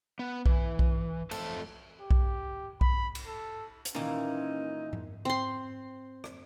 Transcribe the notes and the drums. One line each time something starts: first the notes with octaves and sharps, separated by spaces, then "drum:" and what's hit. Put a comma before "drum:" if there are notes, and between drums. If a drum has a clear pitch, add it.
B3
E3, drum: kick B1
drum: kick B1
F2 A3 A4 C5 A5, drum: cymbal
G4
drum: kick B1
B5, drum: kick B1
drum: cymbal
A4
drum: hi-hat
A#2 D#3 E3 A#3 C#4 D#4
drum: tom G#2
C4 C6
drum: rim click